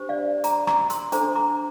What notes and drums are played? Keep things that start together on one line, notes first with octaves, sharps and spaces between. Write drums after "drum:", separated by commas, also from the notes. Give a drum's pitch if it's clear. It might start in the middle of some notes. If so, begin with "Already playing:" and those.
Already playing: D4 G4 C5
D5 F5
A#5 D6, drum: hi-hat
A#5 D6, drum: rim click
C6 E6, drum: hi-hat
D4 A4 C5 A#5 D6, drum: hi-hat
A#5 D6